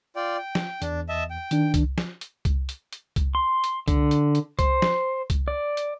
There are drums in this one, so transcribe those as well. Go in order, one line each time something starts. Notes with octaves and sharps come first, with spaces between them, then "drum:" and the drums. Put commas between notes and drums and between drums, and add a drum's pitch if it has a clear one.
F4 D5 G5
G5
drum: snare
E2 D4, drum: hi-hat
D#5 E5 A5
G5
D#3 D4, drum: hi-hat
drum: kick C2, hi-hat
drum: snare
drum: hi-hat
drum: kick C2, hi-hat
drum: hi-hat
drum: hi-hat
drum: kick C2, hi-hat
C6
drum: hi-hat
D3, drum: kick C2, hi-hat
drum: hi-hat
drum: hi-hat
C5, drum: kick C2, hi-hat
drum: snare
drum: kick C2, hi-hat
D5
drum: hi-hat